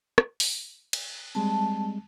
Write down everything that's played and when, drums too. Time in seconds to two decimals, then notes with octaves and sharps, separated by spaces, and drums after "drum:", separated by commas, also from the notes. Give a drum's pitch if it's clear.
0.18 drum: rim click
0.40 drum: open hi-hat
0.93 drum: cymbal
1.35 G3 G#3 C4 A5